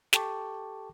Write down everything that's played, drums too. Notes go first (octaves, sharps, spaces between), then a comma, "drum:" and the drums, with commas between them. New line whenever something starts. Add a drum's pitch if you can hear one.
G4 A4 G5 A5 C#6 D6, drum: snare